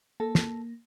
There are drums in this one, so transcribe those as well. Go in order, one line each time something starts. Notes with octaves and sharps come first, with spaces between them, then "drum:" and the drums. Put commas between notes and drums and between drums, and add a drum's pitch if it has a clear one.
A#3 A4
drum: snare